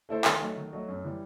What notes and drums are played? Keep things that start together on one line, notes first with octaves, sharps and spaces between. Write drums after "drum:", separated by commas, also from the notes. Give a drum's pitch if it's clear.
A3 E4 A4 C5
D#3, drum: clap
F#3 A3 D#4 F#4
D#3
F#3 A3 D#4 F#4
F#2
E3 G3